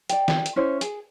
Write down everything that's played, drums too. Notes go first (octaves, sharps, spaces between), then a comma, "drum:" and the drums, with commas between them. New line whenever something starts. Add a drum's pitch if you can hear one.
D5 G5, drum: hi-hat
drum: snare
drum: hi-hat
C#4 E4 C5 C#5
G#4, drum: hi-hat